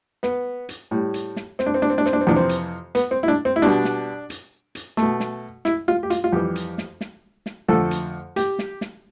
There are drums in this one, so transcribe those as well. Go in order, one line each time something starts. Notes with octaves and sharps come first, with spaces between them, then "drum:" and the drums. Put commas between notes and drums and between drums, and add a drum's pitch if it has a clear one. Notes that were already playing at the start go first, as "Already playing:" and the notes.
B3, drum: snare
drum: hi-hat
A2 G3
drum: hi-hat
drum: snare
C4, drum: snare
D4
C4
D4
C4
D4
C4, drum: snare
D4
C4
F2 C3 E3 D4
C4
drum: hi-hat
B3, drum: hi-hat
C4
E4
D4
C4
E4
B2 G3 D4
drum: snare
drum: hi-hat
drum: hi-hat
B2 A3, drum: snare
drum: snare
E4, drum: snare
F4
G4
F4, drum: hi-hat
F4
F2 E3 G3 G4
drum: hi-hat
drum: snare
drum: snare
drum: snare
F2 D3 F3 A3 A4
drum: hi-hat
G4, drum: hi-hat
drum: snare
drum: snare